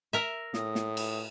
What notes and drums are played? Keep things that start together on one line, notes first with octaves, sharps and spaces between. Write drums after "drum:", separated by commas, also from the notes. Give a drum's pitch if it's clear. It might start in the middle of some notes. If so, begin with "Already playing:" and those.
A#4 E5
A2 D#6, drum: snare
drum: snare
drum: cymbal